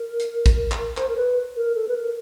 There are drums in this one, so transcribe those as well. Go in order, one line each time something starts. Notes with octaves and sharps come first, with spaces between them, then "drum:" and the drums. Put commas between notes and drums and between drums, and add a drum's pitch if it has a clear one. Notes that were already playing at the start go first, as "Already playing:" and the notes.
Already playing: A#4
drum: hi-hat
drum: kick, hi-hat
drum: clap
C5, drum: clap
A#4
B4
A#4
A4
B4
A#4